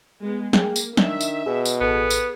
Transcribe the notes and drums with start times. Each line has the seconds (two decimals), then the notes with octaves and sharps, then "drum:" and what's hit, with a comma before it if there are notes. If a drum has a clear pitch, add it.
0.21 G#3 B3
0.53 A#3 G#4 G5, drum: snare
0.76 drum: tambourine
0.97 D#3 D4 E5, drum: snare
1.21 drum: tambourine
1.46 B2 G#4
1.65 drum: tambourine
1.81 A1 B3 G#4 A4
2.10 drum: tambourine